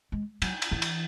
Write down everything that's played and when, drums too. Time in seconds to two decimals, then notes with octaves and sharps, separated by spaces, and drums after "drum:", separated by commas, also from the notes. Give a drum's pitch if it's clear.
0.12 G#3
0.42 F#3, drum: cymbal
0.62 drum: cymbal
0.71 E3
0.82 drum: cymbal